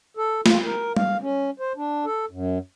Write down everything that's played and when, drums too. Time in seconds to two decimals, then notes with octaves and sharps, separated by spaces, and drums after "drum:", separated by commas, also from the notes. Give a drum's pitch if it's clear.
0.17 A4
0.46 F4, drum: snare
0.64 A#4
0.97 F5, drum: tom G3
1.21 C#4
1.60 C5
1.77 D4
2.05 A4
2.31 F#2